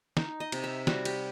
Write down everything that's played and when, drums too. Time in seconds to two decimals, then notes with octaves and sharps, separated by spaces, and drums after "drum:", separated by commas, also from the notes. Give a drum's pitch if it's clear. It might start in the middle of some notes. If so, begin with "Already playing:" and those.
0.17 D#4, drum: snare
0.40 D#5
0.52 C3, drum: cymbal
0.64 E5
0.87 G3 F#4, drum: snare
1.05 G4, drum: cymbal